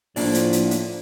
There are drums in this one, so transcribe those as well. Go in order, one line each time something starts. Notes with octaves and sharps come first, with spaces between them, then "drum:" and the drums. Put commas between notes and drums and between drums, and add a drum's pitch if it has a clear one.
A2 F3 A#3 D4 D5, drum: open hi-hat
drum: hi-hat
drum: hi-hat
drum: hi-hat